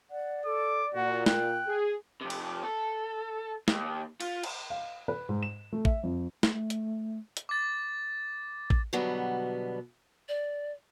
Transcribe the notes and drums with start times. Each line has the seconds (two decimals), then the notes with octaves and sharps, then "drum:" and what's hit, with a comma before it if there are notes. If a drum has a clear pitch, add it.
0.10 D5 F#5
0.45 A4 D6
0.94 A#2 F#4 F#5
1.26 G5 F#6, drum: snare
1.67 G#4
2.21 F2 C3
2.30 drum: cymbal
2.63 A4
3.68 D#2, drum: snare
4.20 F4, drum: cymbal
4.44 drum: cymbal
4.70 F5
5.08 B4
5.29 G#2
5.43 E7
5.73 A3
5.85 E5, drum: kick A1
6.03 F2
6.43 A3, drum: snare
6.70 drum: hi-hat
7.37 drum: hi-hat
7.49 D6 A6
8.70 drum: kick A1
8.93 B2 D3 F#3 G3 B3
10.29 D5